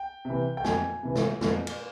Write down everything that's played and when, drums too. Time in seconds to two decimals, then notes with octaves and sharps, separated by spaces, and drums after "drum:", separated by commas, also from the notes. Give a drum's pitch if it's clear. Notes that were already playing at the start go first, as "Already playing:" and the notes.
Already playing: G5
0.25 C3
0.30 E3
0.57 G5
0.64 F2 G#5, drum: snare
1.03 C3 E3
1.15 drum: snare
1.41 F2, drum: snare
1.67 drum: cymbal